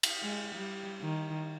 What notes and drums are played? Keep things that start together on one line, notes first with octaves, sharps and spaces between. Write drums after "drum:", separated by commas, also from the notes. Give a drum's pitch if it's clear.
drum: cymbal
G#3
G3
D#3